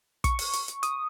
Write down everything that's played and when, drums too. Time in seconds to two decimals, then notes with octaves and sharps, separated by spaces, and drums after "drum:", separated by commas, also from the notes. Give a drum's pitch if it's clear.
0.24 C#6, drum: kick, hi-hat
0.39 drum: open hi-hat
0.53 drum: hi-hat
0.68 drum: hi-hat
0.83 D#6, drum: hi-hat